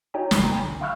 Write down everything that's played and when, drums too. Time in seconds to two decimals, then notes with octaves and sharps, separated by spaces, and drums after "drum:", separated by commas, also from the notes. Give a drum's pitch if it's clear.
0.14 D#4 F#4 C#5 G5 A#5
0.31 G1 E2 C3 A#5 B5, drum: snare
0.52 G5
0.64 C#2 D3
0.81 E5 F5 B5 C#6 E6 F6